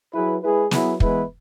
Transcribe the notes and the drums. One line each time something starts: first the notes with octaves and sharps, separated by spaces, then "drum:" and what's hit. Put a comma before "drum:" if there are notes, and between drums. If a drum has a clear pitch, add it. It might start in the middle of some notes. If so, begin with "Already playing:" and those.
F#3 E4 G#4 B4
G#3 E4 G#4 B4
F#3 B3 E4 G#4 B4, drum: snare
E3 G#3 B3 E4 B4, drum: kick